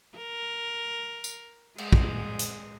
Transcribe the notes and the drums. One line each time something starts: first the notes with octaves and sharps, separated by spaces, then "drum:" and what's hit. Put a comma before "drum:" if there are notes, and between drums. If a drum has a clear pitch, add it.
A#4
drum: tambourine
G#3, drum: cymbal
drum: kick
drum: hi-hat